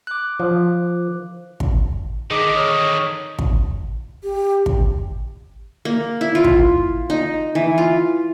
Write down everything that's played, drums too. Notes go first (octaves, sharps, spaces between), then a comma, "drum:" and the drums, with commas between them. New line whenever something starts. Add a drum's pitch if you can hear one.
D6 F#6
F3
drum: kick
D3 D#3 D#4 G#4 D6 B6
C#5 D#6 F6
drum: kick
G4
drum: kick
A#3
E4
F4
drum: kick
D#4
E3
F4